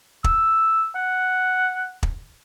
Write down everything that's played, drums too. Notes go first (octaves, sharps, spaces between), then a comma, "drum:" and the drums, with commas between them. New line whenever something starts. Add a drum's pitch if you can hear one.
E6, drum: kick
F#5
drum: kick